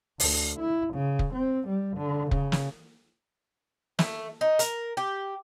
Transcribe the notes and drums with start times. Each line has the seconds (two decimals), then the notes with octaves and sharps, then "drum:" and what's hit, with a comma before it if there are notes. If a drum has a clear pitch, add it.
0.20 D2, drum: open hi-hat
0.60 E4
0.94 C#3
1.19 drum: kick
1.34 C4
1.68 G3
1.98 D3
2.31 C#3, drum: kick
2.52 drum: snare
3.99 A3, drum: snare
4.41 D#4
4.59 A#4, drum: hi-hat
4.97 G4